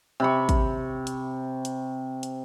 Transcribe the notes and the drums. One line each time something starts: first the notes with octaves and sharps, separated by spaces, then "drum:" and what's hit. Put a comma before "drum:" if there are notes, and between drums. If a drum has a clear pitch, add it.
C3 B5 C#6
drum: kick, hi-hat
drum: hi-hat
drum: hi-hat
drum: hi-hat